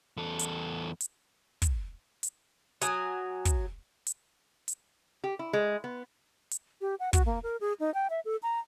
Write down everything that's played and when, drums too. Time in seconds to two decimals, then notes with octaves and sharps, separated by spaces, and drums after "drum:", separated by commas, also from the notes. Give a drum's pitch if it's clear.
0.17 E2 A4
0.39 drum: hi-hat
1.00 drum: hi-hat
1.62 drum: kick, hi-hat
2.23 drum: hi-hat
2.82 F#3 G#5 D#6, drum: hi-hat
3.45 drum: kick, hi-hat
4.07 drum: hi-hat
4.68 drum: hi-hat
5.24 G4
5.39 E4
5.53 G#3
5.84 B3
6.51 drum: hi-hat
6.81 G4
7.00 F#5
7.13 F#4, drum: kick, hi-hat
7.26 A#3
7.43 A#4
7.61 G#4
7.80 D#4
7.94 G5
8.10 E5
8.25 A4
8.43 A#5